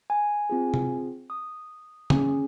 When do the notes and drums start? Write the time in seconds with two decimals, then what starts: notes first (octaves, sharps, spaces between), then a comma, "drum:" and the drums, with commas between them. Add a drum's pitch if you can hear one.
0.10 G#5
0.50 C4 F4 G#4
0.74 drum: tom C3
1.30 D#6
2.10 C#4 G#4, drum: tom C#3